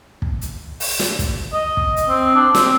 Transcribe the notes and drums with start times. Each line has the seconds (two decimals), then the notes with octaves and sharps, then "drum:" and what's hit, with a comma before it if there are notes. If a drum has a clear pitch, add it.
0.22 drum: kick
0.41 drum: hi-hat
0.80 drum: open hi-hat
1.00 drum: snare
1.19 drum: kick, hi-hat
1.54 D#5
1.77 drum: kick
1.96 drum: hi-hat
2.08 C4
2.35 D4
2.55 C4, drum: snare